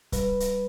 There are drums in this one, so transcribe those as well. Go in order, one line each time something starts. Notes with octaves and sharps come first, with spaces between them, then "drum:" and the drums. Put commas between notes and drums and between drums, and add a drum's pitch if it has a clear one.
G3 B4, drum: kick C#1, hi-hat
drum: hi-hat